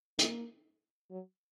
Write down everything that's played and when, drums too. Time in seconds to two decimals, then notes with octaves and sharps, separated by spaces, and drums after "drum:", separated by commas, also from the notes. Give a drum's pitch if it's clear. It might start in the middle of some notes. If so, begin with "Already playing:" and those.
0.19 A#3, drum: hi-hat
1.11 F#3